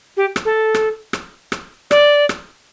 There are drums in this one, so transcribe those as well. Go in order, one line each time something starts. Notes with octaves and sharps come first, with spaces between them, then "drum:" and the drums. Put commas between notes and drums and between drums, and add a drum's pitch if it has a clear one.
G4
drum: rim click
A4
drum: rim click
drum: rim click
drum: rim click
D5, drum: rim click
drum: rim click